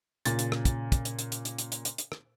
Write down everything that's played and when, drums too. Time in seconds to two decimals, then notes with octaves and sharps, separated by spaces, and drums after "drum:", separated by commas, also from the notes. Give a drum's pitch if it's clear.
0.25 A#2 C#3 A6, drum: hi-hat
0.39 drum: hi-hat
0.52 drum: rim click
0.65 drum: kick, hi-hat
0.92 drum: kick, hi-hat
1.05 drum: hi-hat
1.19 drum: hi-hat
1.32 drum: hi-hat
1.45 drum: hi-hat
1.58 drum: hi-hat
1.72 drum: hi-hat
1.85 drum: hi-hat
1.98 drum: hi-hat
2.12 drum: rim click